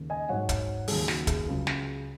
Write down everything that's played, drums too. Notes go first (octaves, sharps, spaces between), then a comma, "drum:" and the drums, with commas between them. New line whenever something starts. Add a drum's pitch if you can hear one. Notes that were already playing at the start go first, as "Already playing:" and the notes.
Already playing: D#2 C#3
D#5 G#5
G#2 F#3 C#5 F#5
drum: kick, hi-hat
D#2 C#3 F#3 G#4, drum: open hi-hat
F#4, drum: snare
G#4, drum: kick, hi-hat
C#2 C#3 F#3
drum: snare